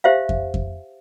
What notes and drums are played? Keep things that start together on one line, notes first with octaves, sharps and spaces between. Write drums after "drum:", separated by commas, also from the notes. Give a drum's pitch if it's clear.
G4 C5 E5 F5
drum: kick F2
drum: kick F2